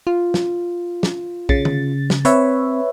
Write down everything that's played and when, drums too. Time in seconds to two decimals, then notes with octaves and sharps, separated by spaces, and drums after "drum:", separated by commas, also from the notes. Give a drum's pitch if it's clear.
0.07 F4
0.34 drum: snare
1.03 drum: snare
1.49 C#3 A6, drum: kick
1.65 drum: tom D3
2.10 drum: snare
2.25 C4 B4 C#5 E5, drum: hi-hat